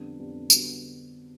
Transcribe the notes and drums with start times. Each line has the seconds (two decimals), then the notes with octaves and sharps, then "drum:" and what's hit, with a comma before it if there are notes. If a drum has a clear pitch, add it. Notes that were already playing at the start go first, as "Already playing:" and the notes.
Already playing: F2 D3 G3 B3 D4
0.18 F2 D3 G3 B3 D4
0.50 D3 G3 B3 D4 F#4, drum: tambourine